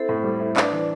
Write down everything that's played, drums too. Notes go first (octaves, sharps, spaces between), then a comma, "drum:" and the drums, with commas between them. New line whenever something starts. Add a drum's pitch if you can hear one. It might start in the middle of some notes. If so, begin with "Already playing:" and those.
Already playing: C4 E4 A4 C5
A2
G3
E4
D4 B4 D5, drum: clap
E3